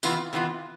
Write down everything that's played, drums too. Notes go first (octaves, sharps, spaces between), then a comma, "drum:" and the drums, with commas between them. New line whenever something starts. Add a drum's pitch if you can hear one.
C3 E3 B3 F4, drum: tambourine
C3 E3 B3 F4